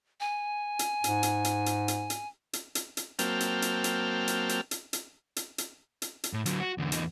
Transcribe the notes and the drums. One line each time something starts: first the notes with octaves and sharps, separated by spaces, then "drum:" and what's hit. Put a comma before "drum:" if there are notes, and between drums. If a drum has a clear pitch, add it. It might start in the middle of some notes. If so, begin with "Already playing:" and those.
G#5
drum: hi-hat
G#2, drum: hi-hat
drum: hi-hat
drum: hi-hat
drum: hi-hat
drum: hi-hat
drum: hi-hat
drum: hi-hat
drum: hi-hat
drum: hi-hat
F#3 A#3 C4 G5 A5 F6, drum: hi-hat
drum: hi-hat
drum: hi-hat
drum: hi-hat
drum: hi-hat
drum: hi-hat
drum: hi-hat
drum: hi-hat
drum: hi-hat
drum: hi-hat
drum: hi-hat
drum: hi-hat
A2
D3 F#3, drum: hi-hat
F#4
E2 D3
E2 D#4, drum: hi-hat